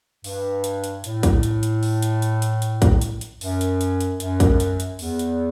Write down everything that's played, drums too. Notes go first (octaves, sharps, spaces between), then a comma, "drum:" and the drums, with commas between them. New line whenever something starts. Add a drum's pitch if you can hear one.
G2, drum: open hi-hat
drum: hi-hat
drum: hi-hat
A2, drum: hi-hat
drum: kick, hi-hat
drum: hi-hat
drum: hi-hat
drum: open hi-hat
drum: hi-hat
drum: hi-hat
drum: hi-hat
drum: hi-hat
drum: kick, hi-hat
drum: hi-hat
drum: hi-hat
F#2, drum: open hi-hat
drum: hi-hat
drum: hi-hat
drum: hi-hat
F#2, drum: hi-hat
drum: kick, hi-hat
drum: hi-hat
drum: hi-hat
E2, drum: open hi-hat
drum: hi-hat